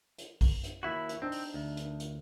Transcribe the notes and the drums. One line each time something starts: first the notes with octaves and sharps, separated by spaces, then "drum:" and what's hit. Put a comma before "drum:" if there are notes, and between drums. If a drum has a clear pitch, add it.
drum: hi-hat
drum: kick A#1, open hi-hat
drum: hi-hat
D#2 E4 F#4 B5
drum: hi-hat
C4 D4 D#4
drum: open hi-hat
D2
drum: hi-hat
drum: hi-hat